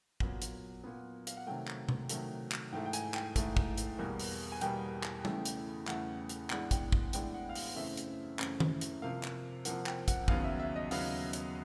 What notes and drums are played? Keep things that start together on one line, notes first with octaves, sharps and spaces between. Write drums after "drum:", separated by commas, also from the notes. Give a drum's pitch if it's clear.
A#2 F#3 B3, drum: kick
drum: hi-hat
A#2 F#3 B3
F5, drum: hi-hat
F#5
C3 D#3 F#3 A3 G5
drum: clap
drum: tom B2
C3 D#3 F#3 A3, drum: hi-hat
drum: clap
G#2 E3 A3 G5
G5
G#5, drum: hi-hat
G5, drum: clap
G#2 E3 A3, drum: kick, hi-hat
drum: kick
drum: hi-hat
E2 B2 G3 A#3
drum: open hi-hat
G#5
E2 B2 G3 A#3 G5, drum: hi-hat
drum: clap
E2 C#3 E3 A3, drum: tom
drum: hi-hat
E2 C#3 E3 A3 F#5, drum: clap
drum: hi-hat
A2 E3 G#3 B3 D4 F#5, drum: clap
G5, drum: kick, hi-hat
drum: kick
A2 E3 G#3 B3 D4 G5, drum: hi-hat
F#5
F5
F#5, drum: open hi-hat
F#2 C#3 E3 A3 C4 E5
drum: hi-hat
F#2 C#3 E3 A3 C4, drum: clap
drum: tom D#3
drum: hi-hat
C3 F3 A#3 F5
drum: clap
C3 F3 A#3 F#5, drum: hi-hat
G5, drum: clap
F#5, drum: kick, hi-hat
D#2 C#3 F#3 B3 F5, drum: kick
E5
E5
D#5
D#2 C#3 F#3 B3 F5, drum: open hi-hat
drum: hi-hat